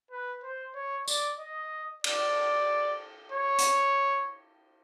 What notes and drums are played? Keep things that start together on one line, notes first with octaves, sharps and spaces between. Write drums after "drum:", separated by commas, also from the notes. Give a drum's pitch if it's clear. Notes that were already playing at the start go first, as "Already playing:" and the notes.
B4
C5
C#5
D5, drum: tambourine
D#5
D5, drum: cymbal
C#5
drum: hi-hat